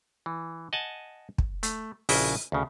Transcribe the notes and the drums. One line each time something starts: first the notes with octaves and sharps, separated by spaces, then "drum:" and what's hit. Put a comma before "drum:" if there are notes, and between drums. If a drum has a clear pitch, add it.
E3
D#5 F#5 G#5 A5
drum: kick
A3, drum: hi-hat
A#1 C#3 E4 F#4 G5, drum: open hi-hat
D2 C#3